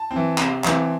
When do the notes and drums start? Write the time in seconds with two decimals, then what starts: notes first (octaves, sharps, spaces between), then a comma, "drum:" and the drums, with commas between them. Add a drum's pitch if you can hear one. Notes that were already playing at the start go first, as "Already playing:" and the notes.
Already playing: A5
0.11 C4
0.16 E3
0.38 C3, drum: clap
0.64 E3 C4, drum: clap